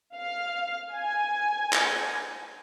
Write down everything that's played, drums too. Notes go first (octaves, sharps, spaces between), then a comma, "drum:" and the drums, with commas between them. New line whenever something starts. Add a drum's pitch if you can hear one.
F5
G#5
drum: clap